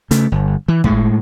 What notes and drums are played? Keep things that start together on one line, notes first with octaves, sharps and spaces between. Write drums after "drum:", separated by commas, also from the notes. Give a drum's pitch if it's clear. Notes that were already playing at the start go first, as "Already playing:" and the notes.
C#3 A3, drum: hi-hat
G1
E3
A2 G#3, drum: kick